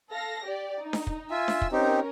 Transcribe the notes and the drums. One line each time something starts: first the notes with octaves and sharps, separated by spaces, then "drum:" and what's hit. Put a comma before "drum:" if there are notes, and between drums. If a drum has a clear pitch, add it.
A4 F5 A#6
G4 D5
D#4
drum: snare D4
drum: kick
F4 E5 G#5 E6
drum: snare D4
drum: kick
C4 C#4 D#4 G4 A#4